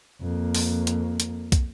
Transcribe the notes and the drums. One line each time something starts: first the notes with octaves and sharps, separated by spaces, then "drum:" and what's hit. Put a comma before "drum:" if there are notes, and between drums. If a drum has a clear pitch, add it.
F2 A#3
drum: open hi-hat
drum: hi-hat
drum: hi-hat
drum: kick, hi-hat